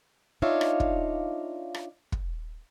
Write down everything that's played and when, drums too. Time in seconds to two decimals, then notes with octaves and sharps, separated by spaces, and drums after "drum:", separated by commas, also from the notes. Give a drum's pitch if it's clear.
0.42 D4 D#4 F4 C#5 E5 F5
0.61 drum: rim click
0.80 drum: kick
1.74 drum: rim click
2.12 drum: kick